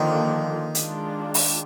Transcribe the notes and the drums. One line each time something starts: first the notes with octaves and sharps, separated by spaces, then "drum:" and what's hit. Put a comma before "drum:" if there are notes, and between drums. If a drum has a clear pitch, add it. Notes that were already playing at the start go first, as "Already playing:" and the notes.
Already playing: D3 D#3 F3 A#3 D4 F4
G#3 D4 F4, drum: hi-hat
drum: open hi-hat